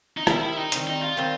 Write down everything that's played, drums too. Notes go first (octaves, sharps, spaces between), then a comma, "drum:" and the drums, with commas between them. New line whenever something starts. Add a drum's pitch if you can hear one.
D#4
D#3 G3 C4 E4, drum: rim click
E4
D#4
D#3 G3 C4, drum: hi-hat
D#4
F4
D#3 G3 C4